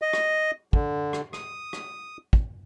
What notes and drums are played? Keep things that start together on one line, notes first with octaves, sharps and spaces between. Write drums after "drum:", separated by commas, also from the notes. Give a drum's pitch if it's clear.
D#5
drum: rim click
D3, drum: kick
drum: rim click
D#6, drum: rim click
drum: rim click
drum: kick